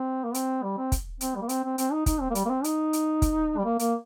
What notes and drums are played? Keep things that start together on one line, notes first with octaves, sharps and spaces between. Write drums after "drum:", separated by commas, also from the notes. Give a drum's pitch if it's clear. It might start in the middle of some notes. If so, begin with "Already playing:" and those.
Already playing: C4
A#3
C4, drum: hi-hat
G3
C4
drum: kick, hi-hat
C4, drum: hi-hat
G3
A#3
C4, drum: hi-hat
C4
C4, drum: hi-hat
D#4
D#4, drum: kick, hi-hat
C4
A#3
G3, drum: hi-hat
A#3
C4
D#4, drum: hi-hat
drum: hi-hat
drum: kick, hi-hat
G3
A#3
A#3, drum: hi-hat